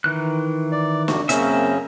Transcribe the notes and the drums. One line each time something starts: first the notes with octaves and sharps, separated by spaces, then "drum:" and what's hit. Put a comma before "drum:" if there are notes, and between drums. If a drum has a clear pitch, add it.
D#3 E3 F#6
D5
G2 C3 F#4, drum: snare
F#2 C#3 A#3 C4 C#4 E5, drum: hi-hat